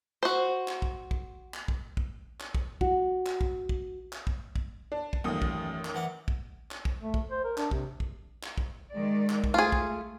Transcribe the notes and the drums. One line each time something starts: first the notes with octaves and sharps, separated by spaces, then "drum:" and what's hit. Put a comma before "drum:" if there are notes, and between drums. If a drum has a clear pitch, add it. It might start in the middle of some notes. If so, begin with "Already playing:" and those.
F#4 C5
drum: clap
drum: kick
drum: kick
drum: clap
drum: kick
drum: kick
drum: clap
drum: kick
F#4, drum: kick
drum: clap
drum: kick
drum: kick
drum: clap
drum: kick
drum: kick
D4
drum: kick
A1 F#2 A#2 D#3 D#6
drum: kick
drum: clap
E3 F#5 D6
drum: kick
drum: clap
drum: kick
A3
drum: kick
C5
A#4
D4, drum: clap
C3, drum: kick
drum: kick
drum: clap
drum: kick
D#3 G#3 D5
drum: clap
drum: kick
A3 F4 G#4
drum: kick